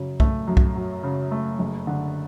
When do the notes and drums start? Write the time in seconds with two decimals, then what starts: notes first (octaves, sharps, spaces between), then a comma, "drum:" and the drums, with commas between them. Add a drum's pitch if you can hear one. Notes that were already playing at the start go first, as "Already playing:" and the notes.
Already playing: F#2 C#3 F#3
0.20 A3, drum: kick C2
0.47 F#2
0.57 drum: kick C2
0.76 F#3
1.03 C#3
1.31 A3
1.59 F#1
1.87 D3